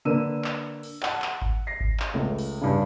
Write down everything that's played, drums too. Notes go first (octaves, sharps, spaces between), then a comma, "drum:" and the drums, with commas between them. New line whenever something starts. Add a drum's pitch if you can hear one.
D3 A#3 B4 E6 D#7
drum: clap
drum: cymbal
F#5 A5, drum: clap
drum: clap
drum: kick G#1
A#6 C7
drum: kick G#1
drum: clap
C#2 A3
drum: cymbal
G2 C#3